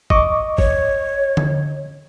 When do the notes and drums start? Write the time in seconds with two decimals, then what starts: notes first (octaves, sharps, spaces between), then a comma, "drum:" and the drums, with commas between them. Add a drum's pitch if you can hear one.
0.10 D#5 C#6 D6, drum: kick
0.58 C#5, drum: kick
1.37 drum: tom D3